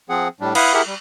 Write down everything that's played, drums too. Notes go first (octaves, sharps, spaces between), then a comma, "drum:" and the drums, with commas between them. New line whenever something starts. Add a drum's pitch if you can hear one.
F3 C4 G#4 F#5
A2 G3 D4
E4 B4 F5 F#5 B5 D#6, drum: cymbal
E4 G4 G#4 A#4 E5 F#5
G3